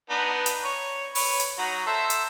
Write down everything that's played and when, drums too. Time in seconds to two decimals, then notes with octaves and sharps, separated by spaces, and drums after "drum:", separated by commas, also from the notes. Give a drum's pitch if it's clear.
0.10 B3 D4 D#4
0.46 drum: hi-hat
0.64 C#5
1.15 B4 C#5, drum: open hi-hat
1.40 drum: hi-hat
1.58 F#3 D#4 F#4
1.86 A4 C5 E5
2.10 drum: hi-hat